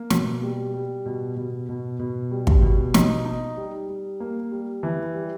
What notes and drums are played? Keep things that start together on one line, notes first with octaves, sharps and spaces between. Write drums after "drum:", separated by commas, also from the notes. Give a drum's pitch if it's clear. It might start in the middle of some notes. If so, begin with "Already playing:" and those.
Already playing: A#3
B2, drum: snare
G3
G3
B2
B2
B2
B2
G3
drum: kick
B2
D#4, drum: snare
D#4
G3
G3
A#3
G3
E3
G3